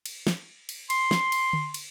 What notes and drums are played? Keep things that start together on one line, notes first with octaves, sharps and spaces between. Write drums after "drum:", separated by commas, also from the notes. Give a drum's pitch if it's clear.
drum: cymbal
drum: snare
drum: cymbal
C6, drum: cymbal
drum: snare
drum: cymbal
drum: tom D3
drum: cymbal